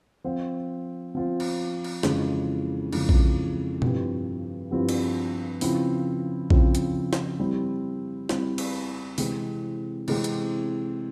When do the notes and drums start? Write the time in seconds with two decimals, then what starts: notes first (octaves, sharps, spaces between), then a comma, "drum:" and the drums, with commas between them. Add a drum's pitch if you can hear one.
0.24 F3 C4 F4 C5
1.15 F3 C4 F4 C5
1.40 drum: cymbal
1.84 drum: cymbal
2.03 F2 C#3 E3 G#3, drum: snare
2.93 F2 C#3 E3 G#3, drum: cymbal
3.09 drum: kick A#1
3.82 G2 F3 C4 E4 G4, drum: tom B2
4.71 G2 F3 C4 E4 G4
4.89 drum: cymbal
5.61 C#3 F3 C4 E4, drum: open hi-hat
6.50 C#3 F3 C4 E4, drum: kick A#1
6.75 drum: hi-hat
7.13 drum: snare
7.39 G3 C4 E4
8.29 G3 C4 E4, drum: snare
8.58 drum: cymbal
9.18 C3 E3 G#3 C4, drum: open hi-hat
10.08 C3 E3 G#3 C4, drum: cymbal
10.24 drum: hi-hat